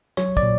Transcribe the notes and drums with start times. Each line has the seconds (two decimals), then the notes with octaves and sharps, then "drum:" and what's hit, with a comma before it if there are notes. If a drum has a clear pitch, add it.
0.17 F#3 C#5, drum: rim click
0.37 D5, drum: kick
0.43 A#2